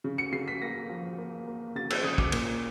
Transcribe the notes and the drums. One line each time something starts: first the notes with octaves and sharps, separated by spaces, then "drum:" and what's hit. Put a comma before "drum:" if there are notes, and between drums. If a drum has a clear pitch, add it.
C#3
C#7
C#3 C7
B6
A#3 A#6
F3
A#3
A#3
C#3 A6
E6, drum: cymbal
C#3 D#6
D6, drum: kick
A#2, drum: cymbal